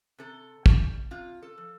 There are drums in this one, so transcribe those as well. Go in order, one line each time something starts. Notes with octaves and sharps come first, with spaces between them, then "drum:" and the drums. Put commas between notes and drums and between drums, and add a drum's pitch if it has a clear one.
C3 A4
G3, drum: kick
C3 F4
A4
F3